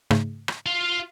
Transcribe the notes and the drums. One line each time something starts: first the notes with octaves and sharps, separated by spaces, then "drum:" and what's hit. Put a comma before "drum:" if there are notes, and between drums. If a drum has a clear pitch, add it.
G#2 C#3 A3, drum: rim click
drum: rim click
F4 F5